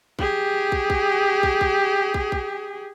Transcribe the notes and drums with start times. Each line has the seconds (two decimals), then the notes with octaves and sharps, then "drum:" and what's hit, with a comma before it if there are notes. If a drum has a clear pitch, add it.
0.19 G4 G#4, drum: kick
0.72 drum: kick
0.90 drum: kick
1.43 drum: kick
1.61 drum: kick
2.14 drum: kick
2.32 drum: kick